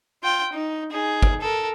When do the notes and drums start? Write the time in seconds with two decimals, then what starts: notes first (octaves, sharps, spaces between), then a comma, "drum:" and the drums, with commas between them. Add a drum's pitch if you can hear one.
0.23 F4 G5
0.52 D#4
0.91 D#4 G#4
1.22 drum: kick
1.41 A4 A#4